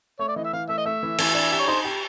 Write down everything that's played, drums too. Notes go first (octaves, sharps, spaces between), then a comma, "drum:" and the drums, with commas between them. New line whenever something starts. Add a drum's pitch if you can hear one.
A3 C#5
D5
E3 D#5
E5
E3 F5
A3 E5
D#5
A3 E5
E3
E3, drum: cymbal
D4
G4 E5
C#5
D#4 C5
G4